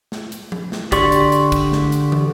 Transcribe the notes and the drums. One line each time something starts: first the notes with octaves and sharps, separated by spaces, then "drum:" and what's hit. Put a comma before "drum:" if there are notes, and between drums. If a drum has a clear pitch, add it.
drum: snare
drum: hi-hat
drum: tom F3
drum: snare
D3 G4 D5 C6 C#6, drum: kick, hi-hat
drum: hi-hat
drum: hi-hat
drum: kick, hi-hat
drum: snare
drum: hi-hat
drum: tom